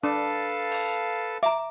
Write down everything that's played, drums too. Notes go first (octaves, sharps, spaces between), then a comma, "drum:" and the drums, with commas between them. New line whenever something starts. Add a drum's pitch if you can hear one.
D4 A4 B4 F5 A5
drum: open hi-hat
E5 A#5 D6